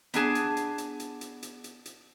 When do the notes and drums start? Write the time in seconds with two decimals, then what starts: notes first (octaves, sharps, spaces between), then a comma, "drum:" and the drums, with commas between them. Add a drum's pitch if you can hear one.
0.14 B3 D4 G#4 A5, drum: hi-hat
0.35 drum: hi-hat
0.57 drum: hi-hat
0.78 drum: hi-hat
1.00 drum: hi-hat
1.21 drum: hi-hat
1.43 drum: hi-hat
1.64 drum: hi-hat
1.85 drum: hi-hat